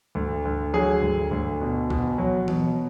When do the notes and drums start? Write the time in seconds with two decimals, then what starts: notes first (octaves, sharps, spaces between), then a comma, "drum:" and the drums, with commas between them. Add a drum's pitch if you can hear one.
0.15 D2
0.45 D2
0.74 F#3 G#4
1.02 D2
1.31 D2
1.61 B2
1.90 B2, drum: kick
2.18 F#3
2.48 B2, drum: tom E3